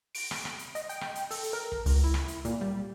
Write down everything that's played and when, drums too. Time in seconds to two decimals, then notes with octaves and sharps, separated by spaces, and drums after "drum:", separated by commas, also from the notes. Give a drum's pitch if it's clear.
0.15 D7, drum: open hi-hat
0.31 drum: rim click
0.45 drum: rim click
0.59 drum: hi-hat
0.75 D#5, drum: hi-hat
0.89 G5, drum: hi-hat
1.01 drum: rim click
1.15 drum: hi-hat
1.31 A4, drum: open hi-hat
1.44 drum: hi-hat
1.53 A#4
1.72 drum: kick
1.86 C#2, drum: open hi-hat
2.04 E4
2.14 drum: rim click
2.28 drum: hi-hat
2.45 A#2, drum: hi-hat
2.61 G3